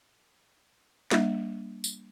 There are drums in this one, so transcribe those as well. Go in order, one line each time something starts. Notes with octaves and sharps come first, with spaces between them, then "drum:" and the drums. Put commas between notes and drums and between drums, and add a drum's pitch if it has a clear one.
G3 A#3 D4 E5, drum: snare
drum: tambourine